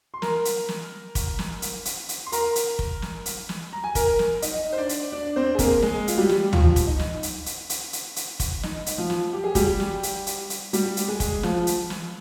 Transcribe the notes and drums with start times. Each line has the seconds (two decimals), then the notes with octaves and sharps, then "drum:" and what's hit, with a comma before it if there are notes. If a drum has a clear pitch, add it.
0.14 C6
0.22 A#4 A#5, drum: snare
0.45 drum: hi-hat
0.69 drum: snare
1.15 drum: kick, hi-hat
1.39 drum: snare
1.62 drum: hi-hat
1.85 drum: hi-hat
2.09 drum: hi-hat
2.26 C6
2.32 A#4 A#5, drum: hi-hat
2.56 drum: hi-hat
2.79 drum: kick
3.02 drum: snare
3.26 drum: hi-hat
3.49 drum: snare
3.73 A#5
3.84 G#5
3.95 A#4 A#5, drum: kick, hi-hat
4.19 drum: snare
4.42 D#4 D#5, drum: hi-hat
4.73 C5
4.77 D4 D5
4.89 drum: hi-hat
5.12 D4 D5
5.36 C4 C5
5.55 G#4
5.59 A#3 A#4, drum: kick, hi-hat
5.82 G#3 G#4, drum: snare
6.08 F4, drum: hi-hat
6.18 G3 G4
6.29 drum: snare
6.53 F3 F4, drum: tom
6.76 drum: kick, hi-hat
6.87 D#4
6.99 drum: snare
7.23 drum: hi-hat
7.46 drum: hi-hat
7.70 drum: hi-hat
7.93 drum: hi-hat
8.16 drum: hi-hat
8.40 drum: kick, hi-hat
8.63 D#4, drum: snare
8.86 drum: hi-hat
8.98 F3 F4
9.10 drum: snare
9.33 G4
9.44 G#4
9.55 G3 G4, drum: kick, hi-hat
9.80 drum: snare
10.03 drum: hi-hat
10.27 drum: hi-hat
10.50 drum: hi-hat
10.73 G3 G4, drum: hi-hat
10.97 drum: hi-hat
11.08 G#3 G#4
11.20 drum: kick, hi-hat
11.43 F3 F4, drum: snare
11.67 drum: hi-hat
11.90 drum: snare